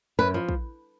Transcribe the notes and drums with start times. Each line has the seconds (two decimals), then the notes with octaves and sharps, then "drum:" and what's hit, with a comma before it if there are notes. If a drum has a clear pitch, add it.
0.19 F#2 B4
0.34 F3
0.49 drum: kick